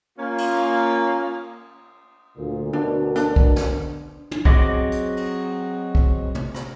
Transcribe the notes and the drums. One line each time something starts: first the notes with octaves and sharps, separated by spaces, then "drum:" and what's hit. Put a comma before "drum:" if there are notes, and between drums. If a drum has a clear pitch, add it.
A#3 C#4 F4
drum: cymbal
D2 A#2
D2 B2 D4 A#4
D4, drum: hi-hat
drum: kick
drum: snare
drum: tom
F#3 C4 G#4 D#5 D6, drum: kick
drum: hi-hat
drum: cymbal
drum: kick
drum: tom
drum: rim click